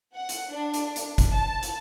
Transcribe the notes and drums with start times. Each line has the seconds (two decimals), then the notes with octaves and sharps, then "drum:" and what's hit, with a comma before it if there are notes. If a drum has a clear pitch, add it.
0.14 F#5
0.29 drum: hi-hat
0.51 D4
0.74 drum: hi-hat
0.96 drum: hi-hat
1.18 drum: kick G1, hi-hat
1.35 A5
1.63 drum: hi-hat